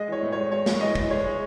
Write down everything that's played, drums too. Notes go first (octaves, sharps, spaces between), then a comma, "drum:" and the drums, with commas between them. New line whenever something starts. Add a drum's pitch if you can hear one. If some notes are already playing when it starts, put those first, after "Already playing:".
Already playing: G#3 D#5
E3 C#5
A2
G#3 C#5
G#3 C#5
G#3, drum: snare
E3 D#5
E3, drum: kick
G#3 C#5
G#3